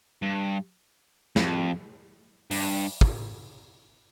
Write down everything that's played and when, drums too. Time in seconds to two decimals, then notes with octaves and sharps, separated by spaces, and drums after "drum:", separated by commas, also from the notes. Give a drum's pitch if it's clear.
0.22 G2
1.36 F2, drum: snare
2.51 G2, drum: open hi-hat
3.01 drum: kick